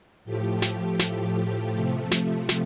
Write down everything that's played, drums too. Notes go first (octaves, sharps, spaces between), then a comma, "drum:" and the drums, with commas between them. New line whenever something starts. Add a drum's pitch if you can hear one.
A2 F3 A3 G4
drum: snare
drum: snare
C3 F3 A3
drum: snare
drum: snare